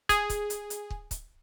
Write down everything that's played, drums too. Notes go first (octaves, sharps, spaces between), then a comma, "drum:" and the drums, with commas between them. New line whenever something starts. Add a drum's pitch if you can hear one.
G#4, drum: kick, hi-hat
drum: kick, hi-hat
drum: hi-hat
drum: hi-hat
drum: kick
drum: kick, hi-hat